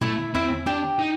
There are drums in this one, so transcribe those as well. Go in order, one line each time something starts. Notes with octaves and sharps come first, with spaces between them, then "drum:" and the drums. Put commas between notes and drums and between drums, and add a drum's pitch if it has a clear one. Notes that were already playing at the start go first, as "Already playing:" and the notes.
A3 E4 E5, drum: tom A#2
C4 E4 E5, drum: tom E2
D4 G4 G5
D#4